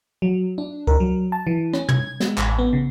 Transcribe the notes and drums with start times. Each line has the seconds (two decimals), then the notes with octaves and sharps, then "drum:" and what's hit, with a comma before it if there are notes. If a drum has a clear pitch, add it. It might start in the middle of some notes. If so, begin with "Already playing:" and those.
0.22 F#3
0.58 D4
0.87 A#4, drum: kick C#2
1.00 F#3
1.32 A5
1.47 E3
1.74 C#4, drum: rim click
1.89 G#6, drum: tom
2.20 G#3, drum: snare
2.38 A1, drum: clap
2.59 B3
2.73 C#3